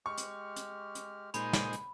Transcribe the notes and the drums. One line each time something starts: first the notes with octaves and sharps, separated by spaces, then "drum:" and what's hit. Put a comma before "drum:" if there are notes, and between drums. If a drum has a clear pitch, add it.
G#3 G4 C#6 F6
drum: hi-hat
drum: hi-hat
drum: hi-hat
A#2 G#3 D#4 C5 B5, drum: hi-hat
drum: snare
drum: hi-hat